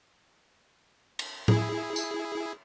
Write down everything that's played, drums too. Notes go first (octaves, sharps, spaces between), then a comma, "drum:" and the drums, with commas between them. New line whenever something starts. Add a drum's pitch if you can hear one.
drum: cymbal
E4 G#4, drum: tom A2
drum: tambourine